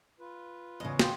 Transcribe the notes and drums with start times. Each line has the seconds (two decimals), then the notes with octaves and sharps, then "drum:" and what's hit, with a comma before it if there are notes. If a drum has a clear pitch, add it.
0.20 F4 B4
0.80 E2 C#3 D#5
0.99 A#2 B3 F5 G5 C6, drum: snare